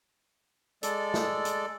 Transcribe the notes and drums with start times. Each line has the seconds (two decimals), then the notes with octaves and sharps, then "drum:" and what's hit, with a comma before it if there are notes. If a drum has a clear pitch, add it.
0.83 G#3 A4 D5, drum: hi-hat
1.14 drum: snare
1.45 drum: hi-hat